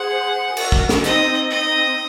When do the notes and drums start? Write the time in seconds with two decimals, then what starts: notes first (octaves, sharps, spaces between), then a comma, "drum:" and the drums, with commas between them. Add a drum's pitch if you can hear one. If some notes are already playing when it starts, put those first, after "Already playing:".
Already playing: G#4 C5 F#5
0.57 F#4 A#4, drum: cymbal
0.72 drum: kick
0.89 drum: snare
1.04 C4 D#4 D#5, drum: hi-hat
1.50 C4 D#4 D#5